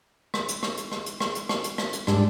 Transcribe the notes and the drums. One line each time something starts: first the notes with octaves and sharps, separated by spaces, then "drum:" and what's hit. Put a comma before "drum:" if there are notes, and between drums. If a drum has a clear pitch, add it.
drum: rim click
drum: hi-hat
drum: rim click
drum: hi-hat
drum: rim click
drum: hi-hat
drum: rim click
drum: hi-hat
drum: rim click
drum: hi-hat
drum: rim click
drum: hi-hat
G#2 G3 D4, drum: rim click